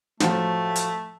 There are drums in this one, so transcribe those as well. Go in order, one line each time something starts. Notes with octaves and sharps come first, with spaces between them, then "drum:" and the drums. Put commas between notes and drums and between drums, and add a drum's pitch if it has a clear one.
A2 F3 F#3 A3, drum: snare
drum: hi-hat